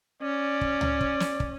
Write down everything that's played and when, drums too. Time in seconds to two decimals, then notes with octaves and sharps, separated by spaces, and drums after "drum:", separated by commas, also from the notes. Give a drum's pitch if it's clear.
0.22 C#4 D5
0.61 drum: kick
0.81 drum: tom C#2
1.01 drum: kick
1.20 drum: snare
1.40 drum: kick